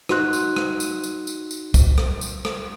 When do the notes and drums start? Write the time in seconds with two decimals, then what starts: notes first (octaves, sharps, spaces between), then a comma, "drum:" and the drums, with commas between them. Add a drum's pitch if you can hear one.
0.09 D#4 F#4 C6 F#6, drum: rim click
0.33 drum: tambourine
0.56 drum: rim click
0.80 drum: tambourine
1.04 drum: tambourine
1.27 drum: tambourine
1.51 drum: tambourine
1.74 drum: kick, tambourine
1.98 drum: rim click
2.21 drum: tambourine
2.45 drum: rim click